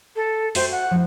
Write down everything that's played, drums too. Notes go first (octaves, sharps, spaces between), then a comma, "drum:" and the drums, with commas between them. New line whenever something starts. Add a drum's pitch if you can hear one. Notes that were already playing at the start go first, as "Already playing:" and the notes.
A4
F#4 C5 E5 G5, drum: open hi-hat
F#5
F3 E4